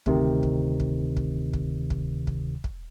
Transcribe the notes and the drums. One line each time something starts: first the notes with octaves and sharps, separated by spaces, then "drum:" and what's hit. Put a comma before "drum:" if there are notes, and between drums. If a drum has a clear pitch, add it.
D2 C3 D#3, drum: kick
drum: kick
drum: kick
drum: kick
drum: kick
drum: kick
drum: kick
drum: kick